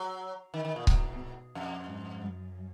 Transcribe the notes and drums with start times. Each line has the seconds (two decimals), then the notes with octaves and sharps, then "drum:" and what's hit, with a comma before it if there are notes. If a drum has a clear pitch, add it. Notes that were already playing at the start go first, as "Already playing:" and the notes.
Already playing: F#3
0.54 D#3
0.65 D#3
0.76 A#2
0.87 G#2 B2, drum: kick C#1
1.55 F2
1.89 G#2
2.23 F#2